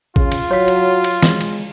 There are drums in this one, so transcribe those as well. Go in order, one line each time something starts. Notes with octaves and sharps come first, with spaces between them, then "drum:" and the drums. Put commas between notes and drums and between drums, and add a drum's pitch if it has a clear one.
C#3 F4, drum: kick
drum: cymbal
F#3 C#5 F5
drum: cymbal
drum: cymbal
G#3, drum: snare
drum: cymbal